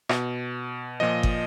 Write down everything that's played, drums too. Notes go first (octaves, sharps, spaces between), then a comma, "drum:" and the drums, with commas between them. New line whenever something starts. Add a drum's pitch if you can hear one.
B2, drum: rim click
A#2 F3 D#5
drum: kick G1